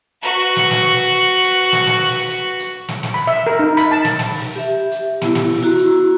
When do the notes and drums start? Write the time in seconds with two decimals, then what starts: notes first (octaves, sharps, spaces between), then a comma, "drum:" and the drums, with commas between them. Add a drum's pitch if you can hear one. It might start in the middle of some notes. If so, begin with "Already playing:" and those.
0.22 F#4 B4
0.56 drum: snare
0.71 drum: snare
0.85 drum: open hi-hat
1.43 drum: hi-hat
1.72 drum: snare
1.87 drum: snare
2.01 drum: open hi-hat
2.30 drum: hi-hat
2.59 drum: hi-hat
2.88 drum: snare
3.03 drum: snare
3.14 B5
3.27 E5
3.47 A#4
3.59 D#4
3.77 B5, drum: hi-hat
3.91 A5
4.05 drum: snare
4.19 drum: snare
4.34 drum: open hi-hat
4.55 G4 E5
4.92 drum: hi-hat
5.22 B3 E4, drum: snare
5.35 drum: snare
5.50 drum: open hi-hat
5.62 E4 F#4 A#5
5.79 drum: hi-hat